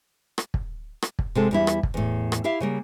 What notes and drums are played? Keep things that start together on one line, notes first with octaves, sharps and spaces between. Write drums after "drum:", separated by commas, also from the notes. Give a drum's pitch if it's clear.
drum: rim click
drum: kick
drum: rim click
drum: kick
C3 G#3 A4
E2 G3 E4
drum: rim click
drum: kick
E2 A2
drum: rim click
E4 G4 E5 F5
C#3 G3 A#3